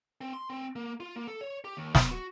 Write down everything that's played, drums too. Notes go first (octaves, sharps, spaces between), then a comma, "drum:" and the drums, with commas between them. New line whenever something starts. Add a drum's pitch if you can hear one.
C4
C6
C4
A#3
F4
A#3
A4
C#5
G4
D#2
B3, drum: snare
F#4